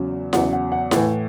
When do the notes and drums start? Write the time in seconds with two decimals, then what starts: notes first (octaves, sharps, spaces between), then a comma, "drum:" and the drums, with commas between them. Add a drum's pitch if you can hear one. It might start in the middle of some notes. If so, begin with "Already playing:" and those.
Already playing: E2 C#3 F#3
0.33 E2 C#3 F#3 F#5, drum: snare E4
0.53 F#5
0.72 F#5
0.91 A2 E3 F#5, drum: snare E4